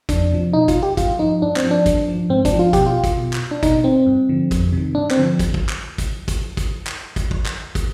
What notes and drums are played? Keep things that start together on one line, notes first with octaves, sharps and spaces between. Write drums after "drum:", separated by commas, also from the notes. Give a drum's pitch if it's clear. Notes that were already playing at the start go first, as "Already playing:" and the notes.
F2 D4, drum: kick, hi-hat
C3 F3
B2 D#4
F4, drum: kick, hi-hat
G4
G2 F4, drum: kick, hi-hat
F3 D#4
G2 D4
C4, drum: clap
F3
D4
G2, drum: kick, hi-hat
F3
G#2 C4
D4, drum: kick, hi-hat
F3
F4
B2 G4, drum: kick, hi-hat
F4
drum: kick, hi-hat
B2
drum: clap
D4
B2 D#4, drum: kick, hi-hat
C4
G2
D3 F3
F2, drum: kick, hi-hat
C3 D#3
G2 D4
C4, drum: clap
D3 F3
drum: kick, hi-hat
drum: kick
drum: clap
drum: kick, hi-hat
drum: kick, hi-hat
drum: kick, hi-hat
drum: clap
drum: kick, hi-hat
drum: kick
drum: clap
drum: kick, hi-hat